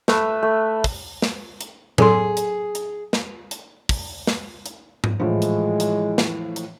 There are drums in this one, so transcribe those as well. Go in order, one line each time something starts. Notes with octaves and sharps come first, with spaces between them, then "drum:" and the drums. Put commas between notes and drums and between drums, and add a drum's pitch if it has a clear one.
A3 B4 E5, drum: snare
A3
drum: kick, open hi-hat
drum: snare
drum: hi-hat
F#3 G#4 A4 C6, drum: tom A2
drum: hi-hat
drum: hi-hat
drum: snare
drum: hi-hat
drum: kick, open hi-hat
drum: snare
drum: hi-hat
drum: tom G#2
A2 E3 F3 G#3
drum: hi-hat
drum: hi-hat
drum: snare
drum: hi-hat